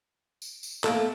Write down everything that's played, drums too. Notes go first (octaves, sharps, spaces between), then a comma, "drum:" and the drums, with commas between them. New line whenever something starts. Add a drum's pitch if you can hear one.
drum: tambourine
drum: tambourine
A3 A#3 A4, drum: clap